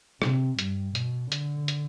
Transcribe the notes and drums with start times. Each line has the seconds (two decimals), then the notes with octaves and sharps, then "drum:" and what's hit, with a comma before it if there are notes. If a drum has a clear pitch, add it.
0.22 C3, drum: rim click
0.59 G2, drum: hi-hat
0.95 B2, drum: hi-hat
1.32 D3, drum: hi-hat
1.68 drum: hi-hat